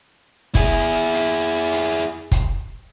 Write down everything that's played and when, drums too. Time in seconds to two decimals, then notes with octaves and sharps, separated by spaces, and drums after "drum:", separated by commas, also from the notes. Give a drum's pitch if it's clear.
0.55 E4 G#4, drum: kick, hi-hat
1.14 drum: hi-hat
1.73 drum: hi-hat
2.32 drum: kick, hi-hat